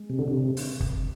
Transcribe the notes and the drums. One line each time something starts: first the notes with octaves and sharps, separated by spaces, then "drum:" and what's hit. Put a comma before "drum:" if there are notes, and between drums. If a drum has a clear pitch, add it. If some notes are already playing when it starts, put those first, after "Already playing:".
Already playing: G#3
C3
D3
C3
drum: open hi-hat
drum: kick